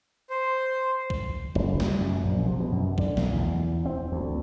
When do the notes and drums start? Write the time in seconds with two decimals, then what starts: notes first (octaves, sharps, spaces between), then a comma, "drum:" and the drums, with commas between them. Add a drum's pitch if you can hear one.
0.30 C5
1.10 drum: kick
1.55 F#1, drum: kick
1.80 G3, drum: snare
2.01 F#2
2.23 A#1
2.46 C3
2.60 B2
2.73 F#2
2.98 D3, drum: kick
3.17 B1, drum: snare
3.33 E2
3.86 C4
4.12 D2